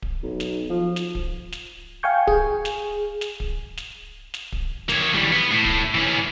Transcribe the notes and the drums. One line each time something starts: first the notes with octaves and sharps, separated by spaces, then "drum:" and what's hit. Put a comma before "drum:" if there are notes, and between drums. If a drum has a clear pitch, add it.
drum: kick D1
B1
drum: snare
F3
drum: snare
drum: kick D1
drum: snare
F5 G5 G#5 C#6 G6
G#4, drum: kick D1
drum: snare
drum: snare
drum: kick D1
drum: snare
drum: snare
drum: kick D1
A#3 C#5, drum: snare
E3 G3
B3
A2
drum: kick D1
E3 C#4